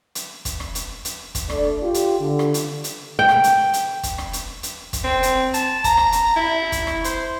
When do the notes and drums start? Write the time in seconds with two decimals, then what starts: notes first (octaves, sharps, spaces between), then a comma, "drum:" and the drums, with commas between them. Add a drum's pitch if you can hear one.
0.15 drum: hi-hat
0.45 drum: kick, hi-hat
0.60 drum: rim click
0.75 drum: hi-hat
1.05 drum: hi-hat
1.35 drum: kick, hi-hat
1.50 A3 D4 D5, drum: rim click
1.82 F4 G4
1.94 drum: hi-hat
2.20 D3
2.39 drum: rim click
2.54 drum: hi-hat
2.84 drum: hi-hat
3.19 G5
3.29 drum: rim click
3.44 drum: hi-hat
3.74 drum: hi-hat
4.03 drum: kick, hi-hat
4.18 drum: rim click
4.33 drum: hi-hat
4.63 drum: hi-hat
4.93 drum: kick, hi-hat
5.04 C4
5.23 drum: hi-hat
5.54 A5, drum: hi-hat
5.84 A#5, drum: kick, hi-hat
5.97 drum: rim click
6.12 drum: hi-hat
6.36 E4
6.72 drum: kick, hi-hat
6.87 drum: rim click
7.04 C5, drum: hi-hat